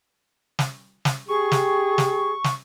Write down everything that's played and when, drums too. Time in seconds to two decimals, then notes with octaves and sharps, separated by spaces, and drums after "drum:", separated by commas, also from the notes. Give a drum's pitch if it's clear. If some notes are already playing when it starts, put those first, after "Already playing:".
0.59 drum: snare
1.05 drum: snare
1.28 G4 G#4 C#6
1.52 drum: snare
1.98 drum: snare
2.44 drum: snare